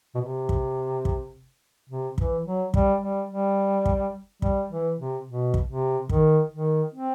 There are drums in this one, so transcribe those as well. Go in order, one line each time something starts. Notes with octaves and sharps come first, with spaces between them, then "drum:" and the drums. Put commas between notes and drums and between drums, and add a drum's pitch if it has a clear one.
B2
C3
drum: kick
drum: kick
C3
E3, drum: kick
F#3
G3, drum: kick
G3
G3
drum: kick
G3, drum: kick
E3
C3
B2
drum: kick
C3
D#3, drum: kick
D#3
C4